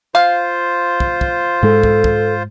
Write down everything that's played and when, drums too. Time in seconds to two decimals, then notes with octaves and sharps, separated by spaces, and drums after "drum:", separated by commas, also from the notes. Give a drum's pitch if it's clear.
0.15 F4 C5 F5
1.00 drum: kick
1.21 drum: kick
1.63 G#2 G#3 A4
1.83 drum: kick
2.04 drum: kick